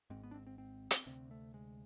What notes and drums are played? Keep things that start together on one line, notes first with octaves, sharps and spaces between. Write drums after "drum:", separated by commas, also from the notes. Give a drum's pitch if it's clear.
G#1 G#2 C4
B3
D4
C4
C4
C4
drum: hi-hat
D2 C3 C4
A3
G#3